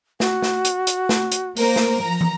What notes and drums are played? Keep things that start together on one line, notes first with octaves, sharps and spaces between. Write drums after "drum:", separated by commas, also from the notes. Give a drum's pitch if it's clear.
F#4, drum: snare
drum: snare
drum: hi-hat
drum: hi-hat
drum: snare
drum: hi-hat
A#3 A#4 C5, drum: open hi-hat
drum: snare
F3 A#5
drum: tom